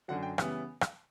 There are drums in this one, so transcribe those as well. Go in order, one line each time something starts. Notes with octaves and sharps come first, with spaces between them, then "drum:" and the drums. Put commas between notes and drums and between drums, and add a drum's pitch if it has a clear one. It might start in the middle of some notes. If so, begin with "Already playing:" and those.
F#2 D3 F#3 F#5
G5
C#3 E3 G3 B3, drum: rim click
drum: rim click